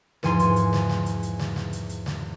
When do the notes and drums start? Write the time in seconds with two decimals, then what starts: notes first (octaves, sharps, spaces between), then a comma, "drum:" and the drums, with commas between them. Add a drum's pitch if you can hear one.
0.23 E2 G#2 F3 G#5 C6, drum: snare
0.39 drum: hi-hat
0.56 drum: hi-hat
0.73 drum: snare
0.89 drum: snare
1.06 drum: hi-hat
1.23 drum: hi-hat
1.39 drum: snare
1.56 drum: snare
1.73 drum: hi-hat
1.89 drum: hi-hat
2.06 drum: snare